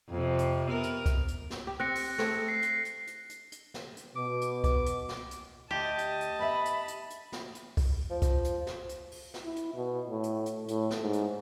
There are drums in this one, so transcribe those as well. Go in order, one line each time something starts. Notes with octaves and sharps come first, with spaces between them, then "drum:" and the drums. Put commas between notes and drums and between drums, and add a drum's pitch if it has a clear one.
F2 C3
drum: hi-hat
B3 A#4
drum: hi-hat
drum: kick C2, hi-hat
drum: hi-hat
drum: snare
G4
C4 F#6 A#6 C#7
drum: open hi-hat
A3 C4 G#4, drum: snare
C7
drum: hi-hat
drum: hi-hat
drum: hi-hat
drum: hi-hat
drum: hi-hat
drum: snare
drum: hi-hat
B2 D6
drum: hi-hat
D6, drum: kick C2, hi-hat
drum: hi-hat
drum: snare
drum: hi-hat
D2 G4 D#5 A5
drum: hi-hat
drum: hi-hat
B3 E5 B5
drum: hi-hat
drum: hi-hat
drum: hi-hat
drum: snare
drum: hi-hat
drum: kick C2, open hi-hat
F3
drum: kick C2, hi-hat
drum: hi-hat
drum: snare
drum: hi-hat
drum: open hi-hat
drum: snare
E4
drum: hi-hat
B2
A2
drum: hi-hat
drum: hi-hat
A2, drum: hi-hat
drum: snare
G#2
drum: hi-hat